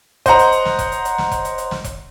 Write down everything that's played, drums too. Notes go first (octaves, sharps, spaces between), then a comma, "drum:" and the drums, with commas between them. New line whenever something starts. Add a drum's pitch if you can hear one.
C5 D#5 F#5 A#5, drum: kick E1, hi-hat
drum: hi-hat
drum: hi-hat
drum: snare
drum: kick E1, hi-hat
drum: hi-hat
drum: hi-hat
drum: snare
drum: kick E1, hi-hat
drum: hi-hat
drum: hi-hat
drum: snare
drum: kick E1, hi-hat